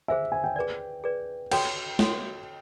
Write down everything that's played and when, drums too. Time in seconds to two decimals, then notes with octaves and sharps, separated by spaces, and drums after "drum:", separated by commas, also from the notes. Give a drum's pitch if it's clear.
0.08 G#4 C5 E5 F5 G#5
0.32 G#5
0.44 G5
0.56 G#4 B4 D5
1.04 G#4 B4 D5
1.51 F#4 A4 C#5 G5, drum: cymbal
1.99 F#4 A4 C#5, drum: snare